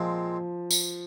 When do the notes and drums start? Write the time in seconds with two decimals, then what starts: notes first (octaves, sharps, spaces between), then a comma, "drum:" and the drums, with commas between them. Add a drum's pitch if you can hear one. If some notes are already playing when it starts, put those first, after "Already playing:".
Already playing: A#2 F3 G#3 C4
0.71 drum: tambourine